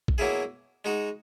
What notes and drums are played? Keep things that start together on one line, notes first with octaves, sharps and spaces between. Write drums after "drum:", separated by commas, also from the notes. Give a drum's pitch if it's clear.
drum: kick A#1
B2 F#3 A#3 E4 G#4
G#3 D#4 F#4